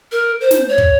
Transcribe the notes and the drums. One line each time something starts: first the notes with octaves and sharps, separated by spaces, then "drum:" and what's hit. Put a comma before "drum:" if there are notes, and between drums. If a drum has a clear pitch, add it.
A#4
C5
drum: snare
C#5
drum: kick